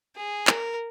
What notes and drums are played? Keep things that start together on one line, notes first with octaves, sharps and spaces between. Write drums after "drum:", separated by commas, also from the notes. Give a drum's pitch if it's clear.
G#4
A#4, drum: clap